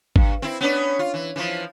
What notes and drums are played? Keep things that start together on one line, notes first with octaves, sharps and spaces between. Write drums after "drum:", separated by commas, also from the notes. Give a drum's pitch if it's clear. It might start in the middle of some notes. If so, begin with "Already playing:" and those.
G2, drum: kick G#1
C4 E4
B3 C#4 D4
F4
E3
E3 F3